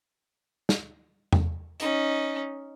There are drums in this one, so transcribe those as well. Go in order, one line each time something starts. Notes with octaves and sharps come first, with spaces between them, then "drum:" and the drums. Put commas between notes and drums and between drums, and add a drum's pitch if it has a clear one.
drum: snare
drum: tom E2
C#4 D#4, drum: hi-hat